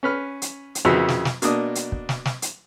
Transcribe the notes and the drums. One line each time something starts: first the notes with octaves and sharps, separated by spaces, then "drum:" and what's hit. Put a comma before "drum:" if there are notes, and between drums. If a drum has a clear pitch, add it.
C#4 B4 F6
drum: hi-hat
drum: hi-hat
A#1 F2 C#3 E3 F#3
drum: snare
drum: snare
B2 A#3 D4 D#6, drum: hi-hat
drum: hi-hat
drum: kick
drum: snare
drum: snare
drum: hi-hat